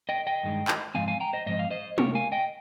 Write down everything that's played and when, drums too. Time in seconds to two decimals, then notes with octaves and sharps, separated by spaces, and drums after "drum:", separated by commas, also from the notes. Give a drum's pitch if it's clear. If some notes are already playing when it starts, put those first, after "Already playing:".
0.09 D#5 G5
0.27 D#5 G5
0.43 G2 D#3 G#3
0.68 drum: clap
0.95 G#2 F3 C4 F5 G#5
1.08 F5 G#5
1.20 G5 A#5
1.33 C5 D#5
1.46 G#2 F3 C4 D#5
1.59 F5
1.71 C5 D#5
1.98 C3 G3 A#3 A#4 C#5, drum: tom
2.15 F5 G#5
2.32 D#5 G5